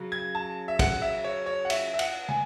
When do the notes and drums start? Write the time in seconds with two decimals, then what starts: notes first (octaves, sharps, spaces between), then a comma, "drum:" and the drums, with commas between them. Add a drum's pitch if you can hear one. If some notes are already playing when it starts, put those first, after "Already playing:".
Already playing: C#3 F#3
0.12 G#6
0.35 A5
0.68 E5
0.79 F#5, drum: kick, cymbal
1.02 E5
1.24 C#5
1.46 C#5
1.65 F#5
1.70 E5, drum: cymbal
1.94 E5
1.99 F#5, drum: cymbal
2.28 G#5, drum: tom